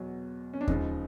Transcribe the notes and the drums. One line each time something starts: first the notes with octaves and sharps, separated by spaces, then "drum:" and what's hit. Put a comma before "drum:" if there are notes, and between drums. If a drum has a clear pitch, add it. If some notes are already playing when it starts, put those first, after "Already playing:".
Already playing: E2 B2 F#3
C#4
D4
C#2 C#3 F3 D#4, drum: kick D#2